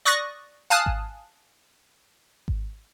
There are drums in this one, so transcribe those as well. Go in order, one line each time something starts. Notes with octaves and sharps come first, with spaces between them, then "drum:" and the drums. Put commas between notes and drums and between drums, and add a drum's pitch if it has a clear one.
D5 C#6 D#6 F#6 A6 A#6
F5 G#5 A5 D#6 F6 F#6
drum: kick G#1
drum: kick G#1